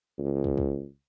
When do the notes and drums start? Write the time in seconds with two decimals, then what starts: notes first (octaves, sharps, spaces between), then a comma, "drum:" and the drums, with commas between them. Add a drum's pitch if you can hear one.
0.18 C#2
0.44 drum: kick
0.58 drum: kick